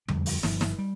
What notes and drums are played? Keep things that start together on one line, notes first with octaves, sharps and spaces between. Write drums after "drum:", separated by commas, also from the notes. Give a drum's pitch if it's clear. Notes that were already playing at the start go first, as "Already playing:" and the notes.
F2 D3 G3 D4, drum: tom E2
drum: open hi-hat
G1 G2 D3 F3, drum: snare
drum: snare
G3